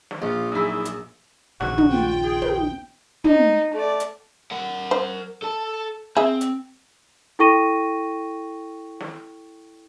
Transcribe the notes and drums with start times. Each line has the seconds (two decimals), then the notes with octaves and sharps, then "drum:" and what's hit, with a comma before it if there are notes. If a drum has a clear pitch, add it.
0.11 drum: snare
0.22 A#1 C#4 F4 C5 F#6
0.52 F#2 D#3 E4 G#4 G#5 E6
0.85 drum: hi-hat
1.61 A#1 D#2 C#3 F#4, drum: snare
1.78 drum: tom
1.91 F4 G5
2.24 G#4
2.42 drum: tom
3.24 D#4, drum: tom
3.74 A3 D5
4.00 drum: hi-hat
4.51 A#4 F#5
4.91 C5
5.42 A4 A5
6.17 C4 G#4 E5
6.41 drum: hi-hat
7.39 E4 A4 G5 C#6 A#6 D#7
9.00 drum: snare